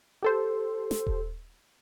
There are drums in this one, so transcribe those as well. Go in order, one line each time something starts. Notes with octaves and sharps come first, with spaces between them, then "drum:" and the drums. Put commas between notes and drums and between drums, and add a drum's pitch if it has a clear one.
G4 A4 C5
drum: snare
drum: kick D#1